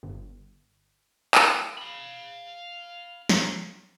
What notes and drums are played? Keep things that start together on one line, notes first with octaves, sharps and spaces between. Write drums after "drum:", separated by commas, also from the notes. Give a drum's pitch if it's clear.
G1
drum: clap
F5 B5
drum: snare